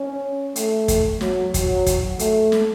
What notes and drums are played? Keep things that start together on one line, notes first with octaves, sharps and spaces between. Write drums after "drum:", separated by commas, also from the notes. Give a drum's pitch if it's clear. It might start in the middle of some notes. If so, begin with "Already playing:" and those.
Already playing: C#4
A3, drum: hi-hat
drum: kick, hi-hat
F#3, drum: snare
F#3, drum: kick, hi-hat
drum: kick, hi-hat
A3, drum: hi-hat
drum: snare